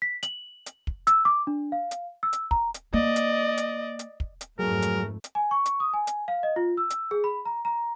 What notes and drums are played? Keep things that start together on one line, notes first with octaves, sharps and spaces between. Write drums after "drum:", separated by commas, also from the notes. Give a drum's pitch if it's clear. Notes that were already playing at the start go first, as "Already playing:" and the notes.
B6
F#7, drum: hi-hat
drum: hi-hat
drum: kick
E6, drum: hi-hat
D6
D4
F5
drum: hi-hat
E6
drum: hi-hat
A#5, drum: kick
drum: hi-hat
A#3 D5 D#5
drum: hi-hat
drum: hi-hat
drum: hi-hat
drum: kick
drum: hi-hat
F2 G#2 F#3 A3 G#4 A#4
drum: hi-hat
drum: hi-hat
G#5
C#6
drum: hi-hat
D#6
G#5
drum: hi-hat
F5
D#5
F4
E6
drum: hi-hat
G#4
B5
A#5
A#5